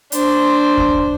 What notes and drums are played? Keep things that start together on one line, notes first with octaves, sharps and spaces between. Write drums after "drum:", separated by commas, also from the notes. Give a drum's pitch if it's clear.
D4 C5, drum: hi-hat
drum: kick D#2